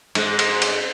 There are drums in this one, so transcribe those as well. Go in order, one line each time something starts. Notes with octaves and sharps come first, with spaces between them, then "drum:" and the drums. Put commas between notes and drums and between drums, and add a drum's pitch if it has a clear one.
G#2 G#3, drum: cymbal
drum: cymbal
drum: cymbal